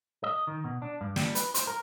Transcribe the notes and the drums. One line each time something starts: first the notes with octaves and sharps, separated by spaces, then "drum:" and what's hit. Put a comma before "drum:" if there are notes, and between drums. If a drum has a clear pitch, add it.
D#5
D#3
B2
D4
G2
G3, drum: snare
B4, drum: hi-hat
C5, drum: hi-hat
A#4